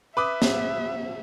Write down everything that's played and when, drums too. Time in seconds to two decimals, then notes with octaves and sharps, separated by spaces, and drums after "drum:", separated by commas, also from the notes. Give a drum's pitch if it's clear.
0.17 B4 E5 D6 D#6
0.42 drum: snare